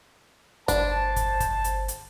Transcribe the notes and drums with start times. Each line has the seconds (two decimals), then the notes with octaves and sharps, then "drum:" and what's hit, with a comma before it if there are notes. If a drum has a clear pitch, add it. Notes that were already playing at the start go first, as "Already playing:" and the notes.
0.68 G1 D4 C5 A5, drum: kick, hi-hat
1.16 drum: kick, hi-hat
1.40 drum: kick, hi-hat
1.64 drum: hi-hat
1.88 drum: hi-hat